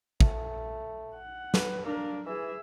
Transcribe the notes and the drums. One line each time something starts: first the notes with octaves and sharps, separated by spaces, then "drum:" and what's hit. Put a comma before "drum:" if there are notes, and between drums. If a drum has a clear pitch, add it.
A3, drum: kick
F#5
B4, drum: snare
A#3 D4 A#4
E3 G#4 E5